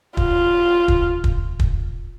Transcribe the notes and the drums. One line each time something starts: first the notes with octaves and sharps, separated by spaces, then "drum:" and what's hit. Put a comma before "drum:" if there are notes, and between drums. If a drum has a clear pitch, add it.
F4, drum: kick
drum: kick
drum: kick
drum: kick